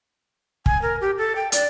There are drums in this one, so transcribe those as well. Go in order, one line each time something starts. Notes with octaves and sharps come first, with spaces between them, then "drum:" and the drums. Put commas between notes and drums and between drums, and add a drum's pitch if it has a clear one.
G#5, drum: kick
A#4
G4
A4
G5
D5, drum: hi-hat